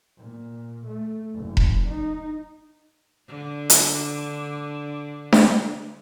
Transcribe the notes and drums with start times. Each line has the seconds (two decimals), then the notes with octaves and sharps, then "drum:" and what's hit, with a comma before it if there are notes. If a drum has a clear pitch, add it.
0.18 A#2
0.86 A3
1.34 F#1
1.57 drum: kick E1
1.87 D#4
3.28 D3 D4
3.70 drum: hi-hat
5.32 drum: snare D4